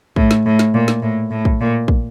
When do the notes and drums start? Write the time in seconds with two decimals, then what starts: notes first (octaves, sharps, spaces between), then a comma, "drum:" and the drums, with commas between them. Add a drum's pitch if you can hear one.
0.16 A2, drum: kick
0.31 drum: snare
0.46 A2
0.59 drum: snare
0.74 A#2
0.88 drum: snare
1.03 A2
1.30 A2
1.45 drum: kick
1.60 A#2
1.88 drum: kick